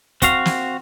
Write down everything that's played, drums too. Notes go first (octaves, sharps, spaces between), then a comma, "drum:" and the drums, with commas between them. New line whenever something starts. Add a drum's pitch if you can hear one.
C4 F#4 F5, drum: kick, hi-hat
drum: snare